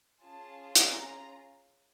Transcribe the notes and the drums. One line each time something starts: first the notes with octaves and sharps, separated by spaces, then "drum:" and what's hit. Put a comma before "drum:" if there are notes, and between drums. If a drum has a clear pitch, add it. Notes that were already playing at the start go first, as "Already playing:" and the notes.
C#4 F4 G#4 A5
A#5, drum: hi-hat